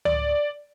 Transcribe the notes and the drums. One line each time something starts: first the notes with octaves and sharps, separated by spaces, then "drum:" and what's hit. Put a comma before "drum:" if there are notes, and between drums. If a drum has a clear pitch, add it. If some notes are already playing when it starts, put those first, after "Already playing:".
D5, drum: tom C#2